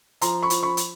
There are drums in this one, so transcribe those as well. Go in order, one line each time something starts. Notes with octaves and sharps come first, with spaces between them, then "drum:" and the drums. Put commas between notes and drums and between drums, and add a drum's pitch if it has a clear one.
F3 A#5 C6, drum: hi-hat
B5 C#6
F3, drum: hi-hat
B5 C#6
drum: hi-hat